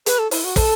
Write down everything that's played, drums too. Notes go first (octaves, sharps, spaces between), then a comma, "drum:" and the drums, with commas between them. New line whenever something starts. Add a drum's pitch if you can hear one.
B4, drum: hi-hat
A4
E4, drum: open hi-hat
F#4
A4, drum: kick, open hi-hat